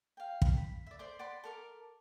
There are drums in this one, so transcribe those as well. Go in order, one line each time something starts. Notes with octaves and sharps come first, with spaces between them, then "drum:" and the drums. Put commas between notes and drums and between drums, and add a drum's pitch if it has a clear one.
F5 G5
drum: kick
B5
D5 E5
C5 D5 C6 D6
D5 F#5 B5 C6
A4 A#4 D6